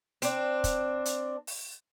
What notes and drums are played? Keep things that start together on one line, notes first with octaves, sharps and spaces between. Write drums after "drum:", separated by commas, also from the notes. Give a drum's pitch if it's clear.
C4 D4, drum: hi-hat
drum: kick, hi-hat
drum: hi-hat
drum: open hi-hat